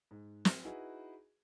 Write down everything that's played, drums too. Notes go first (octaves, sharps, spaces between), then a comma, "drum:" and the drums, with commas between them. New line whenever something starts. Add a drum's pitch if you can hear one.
G#2
drum: snare
D#4 E4 F#4 G#4 B4